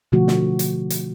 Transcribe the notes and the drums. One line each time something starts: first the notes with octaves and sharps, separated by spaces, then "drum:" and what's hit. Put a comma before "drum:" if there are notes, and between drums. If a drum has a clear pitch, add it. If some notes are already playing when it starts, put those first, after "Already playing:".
B2 D3 F3 A3 F#4
drum: snare
drum: hi-hat
drum: hi-hat